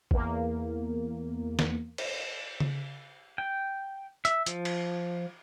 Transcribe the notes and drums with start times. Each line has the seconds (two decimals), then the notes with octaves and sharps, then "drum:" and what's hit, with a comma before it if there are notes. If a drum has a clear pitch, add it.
0.11 E2 A#3, drum: kick G#1
1.59 drum: snare
1.98 drum: cymbal
2.60 drum: tom C#3
3.38 G5
4.25 E5, drum: hi-hat
4.46 F3, drum: hi-hat
4.65 drum: cymbal